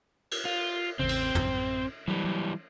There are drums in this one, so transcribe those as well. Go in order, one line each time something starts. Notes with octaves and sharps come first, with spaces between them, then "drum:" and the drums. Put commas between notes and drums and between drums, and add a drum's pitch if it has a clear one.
drum: cymbal
F4
A1 E2 C#3 C4
drum: cymbal
A1 F#2, drum: tom
E3 F#3 G3
F#3